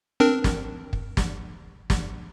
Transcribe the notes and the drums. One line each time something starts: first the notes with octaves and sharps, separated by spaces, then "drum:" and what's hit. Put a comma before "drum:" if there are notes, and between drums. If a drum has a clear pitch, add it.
C4 D4 A#4
drum: snare
drum: kick
drum: snare
drum: snare